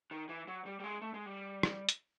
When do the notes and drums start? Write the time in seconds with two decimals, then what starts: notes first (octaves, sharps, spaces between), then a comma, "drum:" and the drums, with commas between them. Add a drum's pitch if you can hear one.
0.11 D#3
0.29 E3
0.47 F#3
0.66 G3
0.80 G3
0.84 G#3
1.01 A3
1.14 G#3
1.26 G3
1.63 drum: rim click
1.89 drum: hi-hat